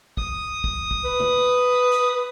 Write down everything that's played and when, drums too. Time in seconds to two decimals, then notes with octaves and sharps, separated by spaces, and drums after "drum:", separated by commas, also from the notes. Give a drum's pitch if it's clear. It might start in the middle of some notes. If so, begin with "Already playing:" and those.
0.17 D#6, drum: kick
0.64 drum: kick
0.91 drum: kick
1.04 B4
1.20 drum: tom
1.91 drum: hi-hat